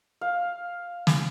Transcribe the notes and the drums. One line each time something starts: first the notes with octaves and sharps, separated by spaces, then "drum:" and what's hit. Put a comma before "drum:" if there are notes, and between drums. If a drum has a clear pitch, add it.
F5
drum: snare